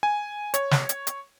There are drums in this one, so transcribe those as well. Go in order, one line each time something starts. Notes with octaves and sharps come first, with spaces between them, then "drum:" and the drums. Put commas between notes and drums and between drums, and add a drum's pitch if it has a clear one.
G#5
C#5, drum: hi-hat
drum: snare
drum: hi-hat
drum: hi-hat